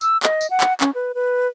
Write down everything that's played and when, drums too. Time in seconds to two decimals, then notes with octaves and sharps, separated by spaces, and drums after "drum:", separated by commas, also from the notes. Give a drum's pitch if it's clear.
0.01 E6, drum: tambourine
0.23 D#5, drum: clap
0.41 drum: tambourine
0.50 F#5
0.61 drum: clap
0.81 C#4, drum: clap
0.94 B4
1.15 B4